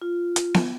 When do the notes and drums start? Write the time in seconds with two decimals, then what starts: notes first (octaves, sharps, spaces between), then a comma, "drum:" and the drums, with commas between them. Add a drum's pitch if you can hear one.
0.02 F4
0.36 drum: hi-hat
0.54 drum: snare B3